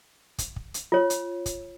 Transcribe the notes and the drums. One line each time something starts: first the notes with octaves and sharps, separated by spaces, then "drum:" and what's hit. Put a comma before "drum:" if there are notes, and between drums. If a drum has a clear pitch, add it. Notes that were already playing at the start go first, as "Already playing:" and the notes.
drum: kick, hi-hat
drum: kick
drum: hi-hat
F4 C#5
drum: hi-hat
drum: kick, hi-hat